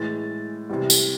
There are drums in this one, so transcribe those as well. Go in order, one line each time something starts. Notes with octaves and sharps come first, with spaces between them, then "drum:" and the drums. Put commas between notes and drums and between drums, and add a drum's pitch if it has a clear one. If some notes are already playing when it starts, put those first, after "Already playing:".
Already playing: A2 E3 G#3 A6
C3 E3 G3
drum: tambourine